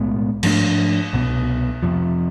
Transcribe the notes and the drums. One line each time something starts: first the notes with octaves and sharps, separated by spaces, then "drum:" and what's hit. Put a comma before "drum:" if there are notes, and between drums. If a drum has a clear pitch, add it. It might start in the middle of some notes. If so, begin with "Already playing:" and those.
Already playing: B1 A2 G#3 B3
G#2 F3 A3 D4, drum: cymbal
C2 B2 B3
F2 C3 F3